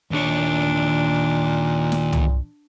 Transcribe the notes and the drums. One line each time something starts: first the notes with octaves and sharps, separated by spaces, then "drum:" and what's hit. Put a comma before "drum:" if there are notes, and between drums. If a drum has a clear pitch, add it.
D#2 A#2 D4 C#5
drum: snare
drum: tom